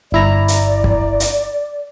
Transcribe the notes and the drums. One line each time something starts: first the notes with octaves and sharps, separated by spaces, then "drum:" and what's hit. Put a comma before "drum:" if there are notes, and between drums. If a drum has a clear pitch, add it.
G1 E4 D5 A#5
drum: hi-hat
drum: kick
drum: hi-hat